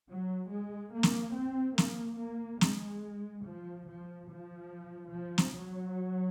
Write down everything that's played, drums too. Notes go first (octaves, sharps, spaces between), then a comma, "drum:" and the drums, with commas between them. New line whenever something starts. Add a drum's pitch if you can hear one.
F#3
G#3
A#3
drum: snare
C4
A#3, drum: snare
A#3
G#3, drum: snare
F3
F3
F3
F3
drum: snare
F#3